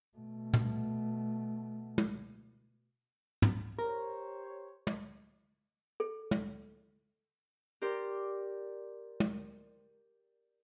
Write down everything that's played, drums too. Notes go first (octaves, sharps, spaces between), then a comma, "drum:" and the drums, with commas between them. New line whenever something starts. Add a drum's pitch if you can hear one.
B2 A3
drum: tom
drum: tom
drum: tom
G4 A#4 C5 C#5
drum: tom
A4
drum: tom
G4 A#4 C5 D5
drum: tom